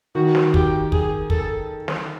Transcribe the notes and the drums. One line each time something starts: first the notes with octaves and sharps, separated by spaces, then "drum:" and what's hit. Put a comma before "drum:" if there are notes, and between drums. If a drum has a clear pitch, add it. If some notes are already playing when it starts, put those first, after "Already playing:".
D#3 F#4
drum: snare
G4, drum: kick
G#4, drum: kick
A4, drum: kick
drum: snare